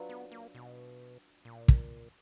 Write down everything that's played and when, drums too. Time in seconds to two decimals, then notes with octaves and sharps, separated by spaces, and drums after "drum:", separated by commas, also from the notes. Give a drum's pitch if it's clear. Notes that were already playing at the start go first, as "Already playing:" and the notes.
Already playing: F#3 D4 F4 B4
0.09 B3
0.32 A#3
0.55 B2
1.45 A#2
1.68 drum: kick